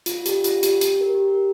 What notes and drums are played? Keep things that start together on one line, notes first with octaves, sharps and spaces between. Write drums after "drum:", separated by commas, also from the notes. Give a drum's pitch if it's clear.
F4, drum: hi-hat
G4, drum: hi-hat
F4, drum: hi-hat
G4, drum: hi-hat
G4, drum: hi-hat
A#4
G4
A#4